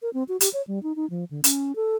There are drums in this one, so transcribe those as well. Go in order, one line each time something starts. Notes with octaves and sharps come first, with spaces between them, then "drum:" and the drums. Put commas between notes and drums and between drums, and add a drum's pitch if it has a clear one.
A#4
C4
F#4
G4, drum: hi-hat
C#5
G3
D#4
D#4
F3
D3
C#4, drum: hi-hat
A4